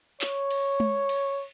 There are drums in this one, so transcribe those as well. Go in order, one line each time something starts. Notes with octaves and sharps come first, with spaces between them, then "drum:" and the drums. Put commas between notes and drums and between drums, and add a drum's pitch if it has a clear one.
C#5, drum: clap
drum: cymbal
drum: tom G#3
drum: cymbal